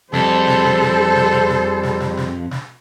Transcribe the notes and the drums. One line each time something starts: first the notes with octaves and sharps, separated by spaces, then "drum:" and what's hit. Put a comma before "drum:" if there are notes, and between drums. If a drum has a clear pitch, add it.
F2 G3 G#4 A4 C5, drum: snare
drum: snare
drum: snare
drum: snare
drum: snare
drum: snare
drum: snare
drum: snare
drum: snare
drum: snare
drum: snare